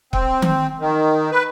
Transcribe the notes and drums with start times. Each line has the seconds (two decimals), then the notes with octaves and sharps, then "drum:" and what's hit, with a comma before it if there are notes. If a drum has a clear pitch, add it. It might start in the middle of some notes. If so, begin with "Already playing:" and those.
0.13 C4, drum: kick
0.42 drum: tom D#3
0.80 D#3
1.32 B4